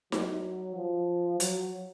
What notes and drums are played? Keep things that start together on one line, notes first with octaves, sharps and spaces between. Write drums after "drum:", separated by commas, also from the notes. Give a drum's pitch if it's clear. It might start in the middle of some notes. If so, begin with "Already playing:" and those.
F#3, drum: snare D#4
F3
F#3, drum: hi-hat